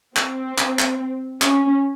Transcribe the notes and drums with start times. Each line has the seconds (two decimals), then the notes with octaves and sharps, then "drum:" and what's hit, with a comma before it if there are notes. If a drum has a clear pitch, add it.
0.16 C4, drum: clap
0.58 drum: clap
0.79 drum: clap
1.42 C#4, drum: clap